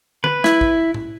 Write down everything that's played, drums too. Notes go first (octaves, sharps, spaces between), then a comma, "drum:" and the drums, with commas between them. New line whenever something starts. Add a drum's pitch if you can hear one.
B4, drum: tom
E4, drum: snare
drum: kick
drum: tom A2